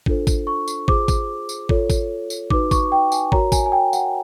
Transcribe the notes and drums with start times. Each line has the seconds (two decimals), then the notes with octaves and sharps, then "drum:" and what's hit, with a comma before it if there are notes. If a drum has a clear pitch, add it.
0.06 D4 F4 A4 C5, drum: kick
0.27 drum: kick, tambourine
0.47 C#6
0.68 drum: tambourine
0.88 F4 G#4 C5 D6, drum: kick
1.08 drum: kick, tambourine
1.49 drum: tambourine
1.69 F4 A4 C#5, drum: kick
1.90 drum: kick, tambourine
2.30 drum: tambourine
2.50 D#4 F#4 B4 D6, drum: kick
2.71 C#6, drum: kick, tambourine
2.92 G5
3.12 G#5, drum: tambourine
3.32 F#4 A#4 C#5 A#5, drum: kick
3.52 G#5, drum: kick, tambourine
3.66 G#5
3.72 G5
3.93 F#5, drum: tambourine